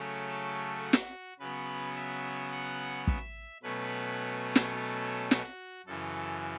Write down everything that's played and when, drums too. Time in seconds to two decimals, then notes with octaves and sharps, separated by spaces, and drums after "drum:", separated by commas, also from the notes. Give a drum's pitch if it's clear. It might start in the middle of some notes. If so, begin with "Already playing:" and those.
Already playing: C#3 F#3 A3 C#4
0.28 A4
0.83 F#4
0.93 drum: snare
1.39 C#3 F#3 B3 B4
1.96 E5
2.52 F#5
3.07 E5, drum: kick
3.63 B2 F#3 A3 C#4 B4
4.56 drum: snare
4.75 A4
5.31 F#4, drum: snare
5.86 F#2 C#3 E3 A4